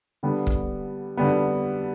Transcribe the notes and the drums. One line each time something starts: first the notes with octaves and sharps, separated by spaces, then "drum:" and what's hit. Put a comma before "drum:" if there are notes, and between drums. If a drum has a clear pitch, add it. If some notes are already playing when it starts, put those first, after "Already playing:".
D3 G3 B3
drum: kick
D3 G3 B3